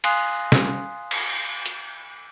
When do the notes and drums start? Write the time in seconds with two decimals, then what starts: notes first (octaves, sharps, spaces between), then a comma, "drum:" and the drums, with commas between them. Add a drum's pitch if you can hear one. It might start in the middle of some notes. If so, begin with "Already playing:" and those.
0.04 F5 G#5 C6 D#6 F#6 C7, drum: cymbal
0.52 drum: snare
1.11 drum: cymbal
1.66 drum: hi-hat